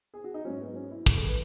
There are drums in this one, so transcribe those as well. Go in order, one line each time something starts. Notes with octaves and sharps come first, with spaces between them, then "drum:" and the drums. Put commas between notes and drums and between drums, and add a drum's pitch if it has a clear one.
G#4
F#4
D#4
G#2 F#3 C#4
B3
C#4
E4
G#4, drum: kick
A4
B4